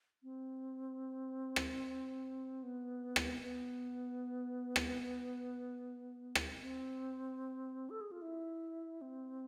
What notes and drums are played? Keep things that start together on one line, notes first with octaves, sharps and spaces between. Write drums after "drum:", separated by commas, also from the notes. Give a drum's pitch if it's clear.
C4
drum: rim click
B3
drum: rim click
B3
drum: rim click
drum: rim click
C4
A4
G#4
F4
E4
C4